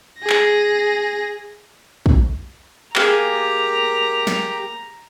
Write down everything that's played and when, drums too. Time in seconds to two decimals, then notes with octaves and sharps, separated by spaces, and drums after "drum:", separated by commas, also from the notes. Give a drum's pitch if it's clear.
0.19 G#4 A#6
0.30 drum: clap
2.06 drum: kick
2.96 A#3 G4 G#4 A#5, drum: clap
4.27 drum: snare